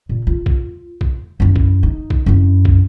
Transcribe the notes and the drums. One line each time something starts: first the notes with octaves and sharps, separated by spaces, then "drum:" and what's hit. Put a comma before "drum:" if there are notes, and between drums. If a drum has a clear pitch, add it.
A#2
F4
drum: kick
drum: kick
F#2 E4
drum: kick
D#4
drum: kick
F#2 E4
drum: kick